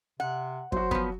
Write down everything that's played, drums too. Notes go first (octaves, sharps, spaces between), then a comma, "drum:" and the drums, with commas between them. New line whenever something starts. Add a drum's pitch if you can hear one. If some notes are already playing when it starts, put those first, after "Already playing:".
C3 F#5
F#3 F#4 C5, drum: kick
F3 B3, drum: kick